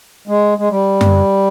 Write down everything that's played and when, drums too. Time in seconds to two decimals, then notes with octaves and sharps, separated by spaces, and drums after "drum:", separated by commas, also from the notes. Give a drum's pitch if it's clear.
0.28 G#3
0.58 G#3
0.70 G3
1.01 drum: tom F#2